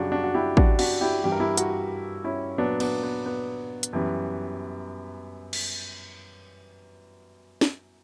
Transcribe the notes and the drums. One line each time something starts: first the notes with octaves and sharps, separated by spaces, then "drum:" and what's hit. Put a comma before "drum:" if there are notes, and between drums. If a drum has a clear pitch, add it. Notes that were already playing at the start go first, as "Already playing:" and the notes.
Already playing: F#2 C#3 G3 D4 F#4
D4 F#4
F#4
E4 G4
D4 F#4, drum: kick
D4 F#4, drum: cymbal
E4 G4
G2 E3 G3 G4
A#4
E4 G4
F#4 A#4, drum: hi-hat
C#4 E4
A#2 F#3 B3 D4
B3 D4, drum: cymbal
B3
B3
drum: hi-hat
F#2 E3 G3
drum: cymbal
drum: snare